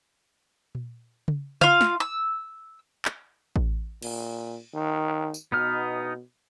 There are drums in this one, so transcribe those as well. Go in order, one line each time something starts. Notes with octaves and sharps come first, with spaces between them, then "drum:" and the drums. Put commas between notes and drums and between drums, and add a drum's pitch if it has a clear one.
drum: tom A#2
drum: tom C#3
F4 F5, drum: tom C#3
drum: snare
E6
drum: clap
drum: kick A1
A#2, drum: cymbal
D#3
drum: tambourine
B2 B3 D#4 F6